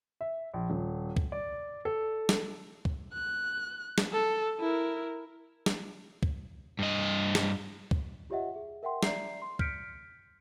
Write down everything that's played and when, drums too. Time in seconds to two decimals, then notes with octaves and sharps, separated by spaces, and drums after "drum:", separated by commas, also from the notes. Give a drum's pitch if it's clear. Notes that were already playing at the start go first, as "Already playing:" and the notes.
0.21 E5
0.54 A#1
0.70 D#1
1.17 drum: kick C#2
1.32 D5
1.85 A4
2.29 drum: snare
2.85 drum: kick C#2
3.13 F#6
3.98 drum: snare
4.13 A4
4.60 E4 A#4
5.66 drum: snare
6.23 drum: kick C#2
6.79 G2 D#5
7.35 drum: snare
7.91 drum: kick C#2
8.30 F4 G4 C#5 D#5 E5 F#5
8.54 G#4 E5
8.83 A#4 E5 F#5 G5 C6
9.03 D5 E5 A#5 G6 C7, drum: snare
9.42 C6
9.59 F6 G6 B6 C#7 D7, drum: kick C#2